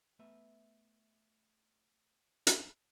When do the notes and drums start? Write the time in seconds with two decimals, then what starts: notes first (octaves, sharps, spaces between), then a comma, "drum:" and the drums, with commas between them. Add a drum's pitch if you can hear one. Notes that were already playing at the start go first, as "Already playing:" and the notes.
0.19 A3 B3 B4 E5
2.47 drum: hi-hat